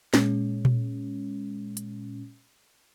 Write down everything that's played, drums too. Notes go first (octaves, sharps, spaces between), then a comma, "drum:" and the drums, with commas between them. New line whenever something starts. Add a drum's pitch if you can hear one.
A#2 G#3 C#4, drum: snare
drum: tom A#2
drum: hi-hat